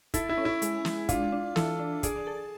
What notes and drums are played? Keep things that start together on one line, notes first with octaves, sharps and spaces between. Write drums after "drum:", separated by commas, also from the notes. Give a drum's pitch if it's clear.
E4 A4, drum: kick, hi-hat
E4
C#4
E4
G#3, drum: hi-hat
G#3, drum: snare
D4 F4, drum: kick, hi-hat
D4
E3 A4, drum: snare
D4
G#4 D5, drum: kick, hi-hat
A4